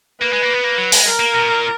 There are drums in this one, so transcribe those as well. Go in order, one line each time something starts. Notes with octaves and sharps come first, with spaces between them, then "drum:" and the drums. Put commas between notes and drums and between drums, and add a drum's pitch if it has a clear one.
A#3 B4
G#3
A#3
B3
A#3
F#3
G#3, drum: open hi-hat
A#4
A#3
B2
A#2